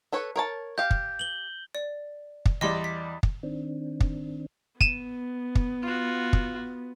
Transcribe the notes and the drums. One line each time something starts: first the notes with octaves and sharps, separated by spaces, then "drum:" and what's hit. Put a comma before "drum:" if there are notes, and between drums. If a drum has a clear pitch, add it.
A4 B4 C#5
A#4 C#5 A5
G4 F5 G6
drum: kick
F#7 G7
D5
drum: kick
E2 G3 D5 D#5 C6
B6
drum: kick
D#3 C4 D4
drum: kick
B3 D#7 E7, drum: kick
drum: kick
F4 F#4
drum: kick